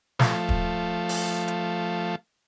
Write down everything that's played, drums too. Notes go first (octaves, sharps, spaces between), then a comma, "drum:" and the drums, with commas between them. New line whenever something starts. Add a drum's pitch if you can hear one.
F3 A3, drum: snare
drum: kick
drum: open hi-hat
drum: hi-hat